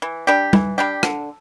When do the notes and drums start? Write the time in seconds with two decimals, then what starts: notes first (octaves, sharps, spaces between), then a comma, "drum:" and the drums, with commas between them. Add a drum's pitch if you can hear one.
0.02 E3
0.27 G3 D4 G4
0.53 E3, drum: tom
0.78 G3 D4 G4
1.03 D3, drum: rim click